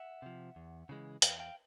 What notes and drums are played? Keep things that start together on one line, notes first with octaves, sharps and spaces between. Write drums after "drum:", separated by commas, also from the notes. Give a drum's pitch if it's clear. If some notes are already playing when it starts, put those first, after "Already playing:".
Already playing: E5 F#5
C3 F3
E2
C#3 E3 G#3
E2 F5 G5, drum: hi-hat
F5 G5